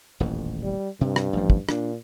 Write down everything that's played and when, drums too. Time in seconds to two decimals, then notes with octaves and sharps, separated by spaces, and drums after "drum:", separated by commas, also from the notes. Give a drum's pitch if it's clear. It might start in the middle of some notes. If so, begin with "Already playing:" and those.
0.20 D#1 A1 F2
0.62 G3
1.01 G2 C3
1.16 drum: rim click
1.33 A1 F3
1.50 drum: kick
1.69 A#2 D4, drum: rim click